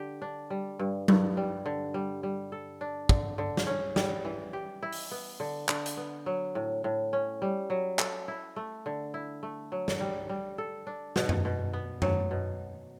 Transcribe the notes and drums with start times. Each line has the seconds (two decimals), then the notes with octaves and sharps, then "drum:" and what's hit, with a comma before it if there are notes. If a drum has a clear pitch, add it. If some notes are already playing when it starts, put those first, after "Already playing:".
Already playing: D3 G4
0.22 D4
0.50 G3
0.79 G2
1.08 G2, drum: tom F#3
1.37 G3
1.66 D3
1.94 G3
2.23 G3
2.52 A4
2.81 D4
3.09 D3, drum: kick
3.38 D3
3.57 drum: snare
3.67 C#4
3.96 G3, drum: snare
4.25 E3
4.53 G4
4.83 E4
4.92 drum: open hi-hat
5.11 B3
5.40 D3
5.69 D3, drum: clap
5.86 drum: hi-hat
5.97 B3
6.26 F#3
6.55 A2
6.84 A2
7.13 C#4
7.42 G3
7.70 F#3
7.99 A4, drum: clap
8.28 E4
8.56 A3
8.86 D3
9.14 E4
9.43 A3
9.72 F#3
9.88 drum: snare
10.01 G3
10.29 G3
10.58 A4
10.87 D4
11.16 B2, drum: snare
11.29 drum: tom F#2
11.45 B2
11.73 B3
12.02 F#3, drum: tom F#2
12.31 B2